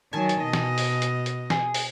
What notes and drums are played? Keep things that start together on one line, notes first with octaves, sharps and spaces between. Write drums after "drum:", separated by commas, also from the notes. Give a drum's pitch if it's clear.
D#3 F#3 G#5 A5
drum: hi-hat
B2 D#5
drum: snare
drum: open hi-hat
drum: hi-hat
drum: hi-hat
G#4, drum: snare
drum: open hi-hat